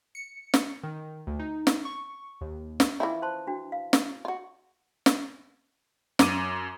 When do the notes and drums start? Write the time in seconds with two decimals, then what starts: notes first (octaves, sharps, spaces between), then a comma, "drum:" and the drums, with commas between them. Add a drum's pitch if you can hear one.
0.15 C#7
0.54 drum: snare
0.83 D#3
1.27 D2
1.39 D#4
1.67 drum: snare
1.85 C#6
2.41 D#2
2.80 drum: snare
3.00 E3 F3 C#4 E4 F5
3.22 C5 A5 C6
3.47 D4 F#4
3.72 F5
3.93 drum: snare
4.25 F4 F#4
5.06 drum: snare
6.19 F#2 D6 D#7, drum: snare